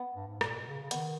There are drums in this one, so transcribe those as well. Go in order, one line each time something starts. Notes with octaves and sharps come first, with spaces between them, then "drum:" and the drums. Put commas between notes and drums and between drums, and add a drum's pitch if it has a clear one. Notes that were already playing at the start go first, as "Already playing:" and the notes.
Already playing: B3
G2
G#2
A#2, drum: rim click
B2
C#3
C#3
D#3 B3, drum: hi-hat